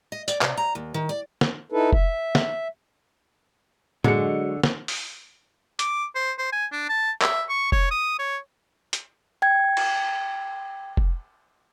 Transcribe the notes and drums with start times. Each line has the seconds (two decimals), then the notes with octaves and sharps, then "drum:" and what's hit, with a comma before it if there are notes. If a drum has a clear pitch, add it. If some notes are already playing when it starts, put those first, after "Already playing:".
0.12 D#5
0.28 D5, drum: tambourine
0.41 C3, drum: clap
0.57 A#5
0.75 D#2
0.94 D#3
1.09 D5
1.41 drum: snare
1.72 D#4 E4 A4 B4
1.93 E5, drum: kick F1
2.35 drum: snare
4.04 D3 F#3 G#3 G#4 C#7, drum: tom
4.63 drum: snare
4.88 drum: open hi-hat
5.79 D6, drum: hi-hat
6.15 C5
6.38 C5
6.52 G#5
6.72 D4
6.89 A5
7.22 E5, drum: clap
7.49 C#6
7.72 C#5, drum: kick F1
7.91 D#6
8.19 C#5
8.93 drum: hi-hat
9.42 G5 G#6
9.77 drum: cymbal
10.97 drum: kick F1